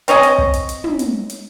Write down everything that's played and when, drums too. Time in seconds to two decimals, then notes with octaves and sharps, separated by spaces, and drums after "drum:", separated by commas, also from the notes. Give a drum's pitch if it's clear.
0.08 C4 C#5 D#5 G#5, drum: hi-hat
0.23 drum: hi-hat
0.38 drum: kick
0.54 drum: hi-hat
0.69 drum: hi-hat
0.84 drum: tom
0.99 drum: hi-hat
1.30 drum: hi-hat